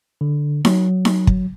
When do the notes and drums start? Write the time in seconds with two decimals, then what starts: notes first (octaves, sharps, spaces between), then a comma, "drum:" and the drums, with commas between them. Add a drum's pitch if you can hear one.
0.21 D3
0.65 F#3, drum: snare D#4
1.05 drum: snare D#4
1.27 drum: kick